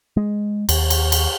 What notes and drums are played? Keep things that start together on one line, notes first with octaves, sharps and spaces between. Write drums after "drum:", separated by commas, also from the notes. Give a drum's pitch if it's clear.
G#3
D#2, drum: cymbal
drum: cymbal
drum: cymbal